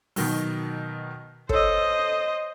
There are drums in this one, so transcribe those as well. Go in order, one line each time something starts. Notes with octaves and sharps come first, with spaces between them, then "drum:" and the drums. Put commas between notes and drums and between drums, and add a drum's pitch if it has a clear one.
B2 D#3 F#3, drum: open hi-hat
A4 C5 C#5 D#5 E6, drum: kick